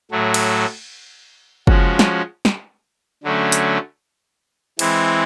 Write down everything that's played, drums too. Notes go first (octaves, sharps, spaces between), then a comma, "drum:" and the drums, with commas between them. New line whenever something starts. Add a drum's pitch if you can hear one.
A2 F#3 A3
drum: cymbal
F3 G#3 C#4 F#4, drum: kick F#1
drum: snare
drum: snare
D3 F#3 A3 C#4
drum: hi-hat
E3 G#3 C4 E4, drum: cymbal